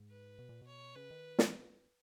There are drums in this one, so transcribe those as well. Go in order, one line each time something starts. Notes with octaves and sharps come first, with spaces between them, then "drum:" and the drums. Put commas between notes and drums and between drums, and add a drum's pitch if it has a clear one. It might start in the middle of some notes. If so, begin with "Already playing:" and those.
Already playing: G#2
B4
B2
A#2
B2
C#5
C#3 B4
D#3
drum: snare
F3